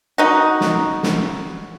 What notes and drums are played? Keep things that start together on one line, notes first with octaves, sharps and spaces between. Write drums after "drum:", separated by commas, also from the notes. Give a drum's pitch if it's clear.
D#4 F#4
drum: snare
drum: snare